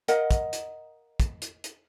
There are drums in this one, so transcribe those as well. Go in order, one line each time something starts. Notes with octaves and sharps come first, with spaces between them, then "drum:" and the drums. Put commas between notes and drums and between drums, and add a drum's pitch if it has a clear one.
A#4 D#5 F5 F#5, drum: hi-hat
drum: kick, hi-hat
drum: hi-hat
drum: kick, hi-hat
drum: hi-hat
drum: hi-hat